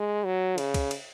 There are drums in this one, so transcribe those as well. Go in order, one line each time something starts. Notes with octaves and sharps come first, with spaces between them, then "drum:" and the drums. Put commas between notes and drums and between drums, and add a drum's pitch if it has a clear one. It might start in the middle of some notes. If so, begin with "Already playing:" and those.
Already playing: G#3
F#3
C#3, drum: cymbal
drum: kick, cymbal
drum: cymbal